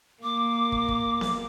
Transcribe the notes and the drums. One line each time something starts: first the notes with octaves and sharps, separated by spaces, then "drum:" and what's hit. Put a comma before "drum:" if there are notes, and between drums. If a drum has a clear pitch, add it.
A#3 D6
drum: kick
drum: kick
drum: snare B3